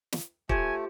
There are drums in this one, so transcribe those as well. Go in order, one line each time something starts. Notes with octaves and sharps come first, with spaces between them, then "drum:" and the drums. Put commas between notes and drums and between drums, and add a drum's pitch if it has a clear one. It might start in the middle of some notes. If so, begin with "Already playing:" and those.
drum: snare
A3 F4 G4 C5 G#5, drum: kick